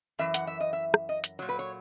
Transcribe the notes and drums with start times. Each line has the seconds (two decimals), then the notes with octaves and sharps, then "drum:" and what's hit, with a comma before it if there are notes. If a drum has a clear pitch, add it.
0.19 F#2 E3 E5
0.34 F#5, drum: hi-hat
0.47 E5
0.60 D#5
0.73 E5
0.94 drum: rim click
1.09 D#5
1.24 drum: hi-hat
1.39 A#2 F#3 C#5
1.49 B4
1.59 C#5